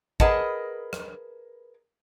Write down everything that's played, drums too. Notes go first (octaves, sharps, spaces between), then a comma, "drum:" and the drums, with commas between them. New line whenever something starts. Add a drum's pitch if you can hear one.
G#4 A#4 B4 D#5 F#5 A5, drum: kick
drum: rim click